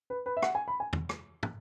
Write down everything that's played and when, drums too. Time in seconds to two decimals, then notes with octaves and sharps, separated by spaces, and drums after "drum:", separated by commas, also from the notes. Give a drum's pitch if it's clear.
0.10 B4
0.26 B4
0.37 E5
0.42 F#5, drum: rim click
0.55 G#5
0.68 B5
0.80 G#5
0.93 drum: tom E2
1.09 drum: rim click
1.43 drum: tom